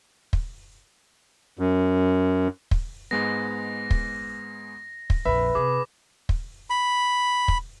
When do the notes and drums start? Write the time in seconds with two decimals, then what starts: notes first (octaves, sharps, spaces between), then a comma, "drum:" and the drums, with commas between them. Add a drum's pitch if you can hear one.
0.33 drum: kick
1.59 F#2
2.71 drum: kick
3.11 G#2 G#3 B3 A#6
3.91 drum: kick
5.10 drum: kick
5.25 A#1 F2 B4 E5 B5
5.55 G1 C3 G#4 D6
6.29 drum: kick
6.70 B5
7.48 drum: kick